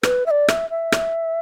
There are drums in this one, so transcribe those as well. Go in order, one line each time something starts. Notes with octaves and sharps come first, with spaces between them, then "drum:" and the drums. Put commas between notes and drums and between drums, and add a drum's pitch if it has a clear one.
B4, drum: rim click
E5
D5
E5, drum: rim click
E5
drum: rim click